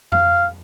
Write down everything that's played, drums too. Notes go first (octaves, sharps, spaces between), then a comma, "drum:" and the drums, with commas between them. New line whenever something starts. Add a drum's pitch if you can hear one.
F5, drum: tom F2